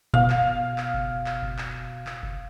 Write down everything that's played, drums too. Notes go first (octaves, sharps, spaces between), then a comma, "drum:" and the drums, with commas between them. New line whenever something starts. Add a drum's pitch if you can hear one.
B2 F5, drum: kick F#1
drum: clap
drum: clap
drum: kick F#1
drum: clap
drum: kick F#1
drum: clap
drum: clap
drum: kick F#1